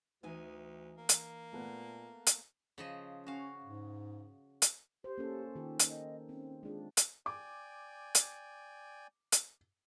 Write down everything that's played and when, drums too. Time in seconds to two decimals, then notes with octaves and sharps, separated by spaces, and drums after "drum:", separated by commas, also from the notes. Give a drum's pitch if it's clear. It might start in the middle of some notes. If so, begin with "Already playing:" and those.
0.23 D2 E3 D#4 G#5
0.98 A#3
1.09 drum: hi-hat
1.53 A#2 A3 B3
2.27 drum: hi-hat
2.78 C#3 F3 D#5
3.27 C#4 F#4 F5
3.64 G#2
4.62 drum: hi-hat
5.04 G4 C5
5.18 A#3 C#4 A4
5.55 D#3 F4 G4
5.79 drum: hi-hat
5.88 D#5
6.29 C4 C#4
6.63 G#3 D4 F4 G#4
6.97 drum: hi-hat
7.26 D5 G5 G#5 D6
8.15 drum: hi-hat
9.32 drum: hi-hat